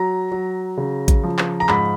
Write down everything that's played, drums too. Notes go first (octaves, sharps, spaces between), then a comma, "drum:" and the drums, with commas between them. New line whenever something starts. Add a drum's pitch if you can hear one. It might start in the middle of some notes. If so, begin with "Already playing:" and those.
Already playing: F#3 A#5
F#3
C#3
drum: kick A1, hi-hat
F3
drum: clap
A#5
G#2 B5, drum: clap